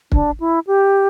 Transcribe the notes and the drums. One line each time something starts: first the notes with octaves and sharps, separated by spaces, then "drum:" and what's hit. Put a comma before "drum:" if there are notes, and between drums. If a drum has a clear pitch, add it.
D4, drum: kick
E4
G4